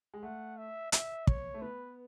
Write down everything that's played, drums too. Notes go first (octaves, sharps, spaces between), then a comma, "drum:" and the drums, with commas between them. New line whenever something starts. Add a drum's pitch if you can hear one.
G#3
A3 F#5
E5
E5, drum: hi-hat
C#5, drum: kick
A3
B3 B4